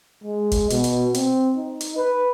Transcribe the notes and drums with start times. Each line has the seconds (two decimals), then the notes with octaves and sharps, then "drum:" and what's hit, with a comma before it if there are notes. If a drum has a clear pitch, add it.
0.24 G#3
0.52 drum: kick F#1, hi-hat
0.70 B2, drum: hi-hat
0.84 drum: hi-hat
1.14 C4, drum: hi-hat
1.57 D#4
1.81 drum: hi-hat
1.97 B4